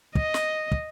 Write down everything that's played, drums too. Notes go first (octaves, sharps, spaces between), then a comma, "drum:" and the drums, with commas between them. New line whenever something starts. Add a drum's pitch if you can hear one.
D#5, drum: kick
drum: snare
drum: kick